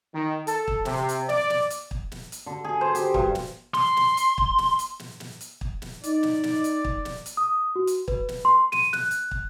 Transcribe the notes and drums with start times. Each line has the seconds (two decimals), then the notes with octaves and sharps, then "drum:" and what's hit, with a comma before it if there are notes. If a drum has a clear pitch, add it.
0.15 D#3
0.47 A4, drum: hi-hat
0.68 drum: kick
0.85 C3, drum: snare
1.09 drum: hi-hat
1.29 D5, drum: snare
1.50 drum: snare
1.70 drum: hi-hat
1.91 drum: kick
2.12 drum: snare
2.32 drum: hi-hat
2.46 D3
2.65 G#4
2.81 C5
2.95 G4, drum: hi-hat
3.14 G2, drum: kick
3.35 drum: snare
3.74 C6, drum: snare
3.97 drum: snare
4.17 drum: hi-hat
4.38 drum: kick
4.58 drum: snare
4.79 drum: hi-hat
4.99 drum: snare
5.20 drum: snare
5.41 drum: hi-hat
5.61 drum: kick
5.82 drum: snare
6.04 D#4 D5, drum: hi-hat
6.23 drum: snare
6.43 drum: snare
6.64 drum: hi-hat
6.85 drum: kick
7.05 drum: snare
7.26 drum: hi-hat
7.37 D#6
7.76 F#4
7.87 drum: hi-hat
8.08 B4, drum: kick
8.29 drum: snare
8.45 C6
8.72 D#7, drum: snare
8.93 F#6, drum: snare
9.11 drum: hi-hat
9.31 drum: kick